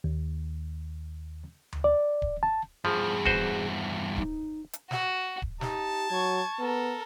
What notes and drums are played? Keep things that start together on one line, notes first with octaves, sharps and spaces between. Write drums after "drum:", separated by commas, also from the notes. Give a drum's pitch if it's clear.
D#2
drum: tom D2
D5
drum: kick D1
A5
E2 G2 F3 G#4
F#4 B4 C5, drum: kick D1
D#4, drum: kick D1
drum: hi-hat
F#4, drum: snare
drum: kick D1
D#4 G4 A5, drum: snare
F#3 C#6 G#6
B3 A4 A#4